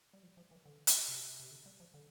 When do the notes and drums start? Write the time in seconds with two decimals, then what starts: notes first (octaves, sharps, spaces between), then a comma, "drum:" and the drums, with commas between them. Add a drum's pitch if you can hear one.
0.13 G3
0.23 F3
0.37 F3
0.51 E3
0.66 D3
0.87 drum: hi-hat
1.08 C3
1.40 C3
1.51 D3
1.66 G3
1.80 F3
1.94 D3